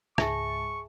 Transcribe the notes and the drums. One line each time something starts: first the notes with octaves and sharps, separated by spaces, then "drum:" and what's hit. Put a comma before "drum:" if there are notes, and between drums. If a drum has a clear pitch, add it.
C#2 G#2 G#4 E5 G#5 A5 C#6, drum: rim click